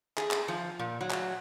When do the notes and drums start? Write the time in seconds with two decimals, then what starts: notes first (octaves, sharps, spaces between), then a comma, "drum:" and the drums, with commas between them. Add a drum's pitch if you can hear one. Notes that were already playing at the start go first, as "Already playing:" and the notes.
0.17 G#4, drum: clap
0.31 drum: clap
0.48 F3
0.79 A#2
1.01 F#3
1.10 drum: clap